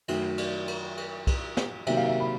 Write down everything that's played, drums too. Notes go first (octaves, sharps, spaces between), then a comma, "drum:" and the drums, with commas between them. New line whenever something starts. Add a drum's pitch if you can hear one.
F#2 D#3 F#3 A3 E5, drum: cymbal
drum: cymbal
drum: cymbal
drum: cymbal
drum: kick, cymbal
drum: snare
C3 D#3 F#3 A#3 E5, drum: cymbal
F5
E5
B5